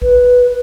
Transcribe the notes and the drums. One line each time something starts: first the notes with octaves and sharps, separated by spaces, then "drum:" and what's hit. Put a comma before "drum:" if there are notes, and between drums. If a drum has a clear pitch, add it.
B4, drum: kick A#1